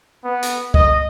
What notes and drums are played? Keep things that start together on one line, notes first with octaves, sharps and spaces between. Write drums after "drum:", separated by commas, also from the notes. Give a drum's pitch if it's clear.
B3
drum: hi-hat
D#5, drum: kick